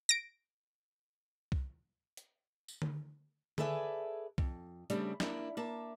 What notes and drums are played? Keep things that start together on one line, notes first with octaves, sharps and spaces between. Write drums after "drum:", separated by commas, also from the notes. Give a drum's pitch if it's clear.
A#6 D7
drum: kick C2
drum: hi-hat
drum: tambourine
drum: tom D3
G#4 A4 B4 D5 E5 G#5, drum: tom D3
F2, drum: kick C2
C#3 G3 A3 C4 D4, drum: hi-hat
A#3 D4 E4, drum: snare
A#3 E5 A5